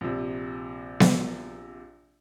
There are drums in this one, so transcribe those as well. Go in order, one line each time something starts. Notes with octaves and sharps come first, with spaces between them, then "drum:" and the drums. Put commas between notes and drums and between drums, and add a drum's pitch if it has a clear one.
A#1 C3
drum: snare B3